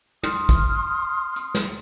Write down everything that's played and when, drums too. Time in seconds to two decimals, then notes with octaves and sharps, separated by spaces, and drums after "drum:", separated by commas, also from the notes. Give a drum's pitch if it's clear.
0.23 C6 D#6 F6, drum: tom
0.49 drum: kick
1.36 drum: hi-hat
1.55 drum: snare